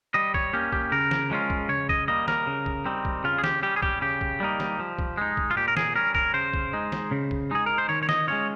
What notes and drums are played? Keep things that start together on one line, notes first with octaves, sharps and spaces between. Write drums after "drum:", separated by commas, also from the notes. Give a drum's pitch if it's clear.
G3 D#5
C#5, drum: kick
A#3 C#4 G4
G4, drum: kick
C#3 A#4
drum: snare
F3 G#3 C#4 F4
drum: kick
C#3 C#5
D#5, drum: kick
G3 A#3 D#5
A#4, drum: snare
C#3
drum: kick
G3 C4 D#4
drum: kick
C#3 F4
G#4
G4, drum: snare
G3 C#4 G4
G#4
G4, drum: kick
C#3 G4
drum: kick
G3 A#3 D#4
drum: snare
F3
drum: kick
G#3 D#4
drum: kick
F4
A#2 G4
A#4
G#4, drum: snare
G3 C#4 A#4
A#4, drum: kick
C#3 C5
drum: kick
G#3 D#4
drum: snare
C#3
drum: kick
G#3 D#4 G#4
A#4
C5
D#3 C#5
C#5
D#5, drum: snare
G#3 C#4 F4 C#5